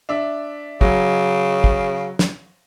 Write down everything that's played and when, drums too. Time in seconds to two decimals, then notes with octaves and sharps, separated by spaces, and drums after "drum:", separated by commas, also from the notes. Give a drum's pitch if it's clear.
0.09 D4 E5
0.81 C#3 F#3, drum: kick
1.64 drum: kick
2.19 drum: snare